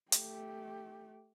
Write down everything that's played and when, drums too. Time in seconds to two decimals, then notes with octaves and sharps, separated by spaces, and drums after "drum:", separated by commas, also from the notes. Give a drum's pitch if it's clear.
0.12 A3 G4, drum: hi-hat